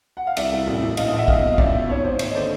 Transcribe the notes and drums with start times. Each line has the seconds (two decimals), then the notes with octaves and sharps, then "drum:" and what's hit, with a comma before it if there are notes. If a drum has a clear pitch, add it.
0.17 F#5
0.27 F5
0.37 C2 D5 E5, drum: cymbal
0.52 C2
0.67 A1
0.83 A1
0.97 A#1 D#5 F5, drum: cymbal
1.08 D#5 F5
1.13 A#1 E5 F#5
1.28 C2 D#5 F5, drum: kick
1.43 B2
1.53 F5
1.58 C#2 D5 E5, drum: kick
1.74 B2
1.89 G#1 C#5
2.04 G#1 C5
2.19 D#2 C#5, drum: cymbal
2.31 D#5
2.35 D3 C5 D5